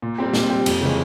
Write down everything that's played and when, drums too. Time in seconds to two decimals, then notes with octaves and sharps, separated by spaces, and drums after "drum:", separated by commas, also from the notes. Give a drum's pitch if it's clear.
0.02 A#2
0.18 G3 C4 G4
0.34 A#2, drum: snare
0.50 G3 C4 G4
0.66 F2, drum: cymbal
0.81 C#3 E3 G#3 C#4